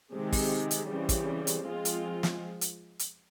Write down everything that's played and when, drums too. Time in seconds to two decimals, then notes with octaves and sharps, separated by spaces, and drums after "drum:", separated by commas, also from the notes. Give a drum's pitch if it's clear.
0.13 C3 D#3 G#3
0.32 drum: kick, open hi-hat
0.71 drum: hi-hat
0.89 C#3 E3 G3 C4
1.09 drum: kick, hi-hat
1.47 drum: hi-hat
1.65 F3 G#3 C4 F4
1.85 drum: hi-hat
2.23 drum: snare
2.61 drum: hi-hat
2.99 drum: hi-hat